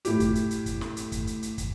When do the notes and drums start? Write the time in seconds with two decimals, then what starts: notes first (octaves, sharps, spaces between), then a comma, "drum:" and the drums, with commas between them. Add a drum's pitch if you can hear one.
0.05 A2 E4 G4, drum: hi-hat
0.20 drum: kick, hi-hat
0.35 drum: hi-hat
0.51 drum: hi-hat
0.66 drum: kick, hi-hat
0.81 drum: snare
0.97 drum: hi-hat
1.12 drum: kick, hi-hat
1.27 drum: hi-hat
1.43 drum: hi-hat
1.58 drum: kick, hi-hat